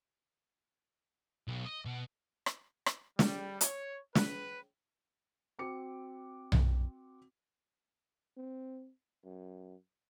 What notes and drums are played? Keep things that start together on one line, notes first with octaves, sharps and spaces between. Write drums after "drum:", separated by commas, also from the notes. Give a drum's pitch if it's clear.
B1
D#5
B2
drum: rim click
drum: rim click
G3, drum: snare
C#5, drum: hi-hat
B4, drum: snare
C4 F#4 D6 C#7
drum: tom B1
C4
F#2